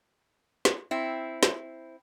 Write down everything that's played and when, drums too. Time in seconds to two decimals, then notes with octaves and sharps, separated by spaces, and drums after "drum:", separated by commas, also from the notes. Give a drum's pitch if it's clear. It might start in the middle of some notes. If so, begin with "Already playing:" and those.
0.65 drum: snare
0.91 C4 E4
1.43 drum: snare